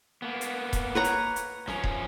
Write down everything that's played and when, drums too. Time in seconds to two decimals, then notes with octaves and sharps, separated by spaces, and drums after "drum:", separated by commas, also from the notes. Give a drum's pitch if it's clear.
0.22 A#3 B3
0.41 drum: hi-hat
0.73 drum: kick E1, hi-hat
0.95 B4 C#5 A#5
1.04 drum: hi-hat
1.36 drum: hi-hat
1.68 F3 C#4, drum: snare
1.84 drum: kick E1